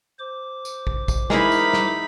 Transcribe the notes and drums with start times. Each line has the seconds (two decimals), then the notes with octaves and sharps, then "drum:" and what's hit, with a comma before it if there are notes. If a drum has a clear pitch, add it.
0.19 C5 D6
0.65 drum: tambourine
0.87 drum: kick
1.08 drum: kick, tambourine
1.30 E3 G#3 D#4 E4 A#4 B5, drum: snare
1.52 drum: tambourine
1.73 drum: snare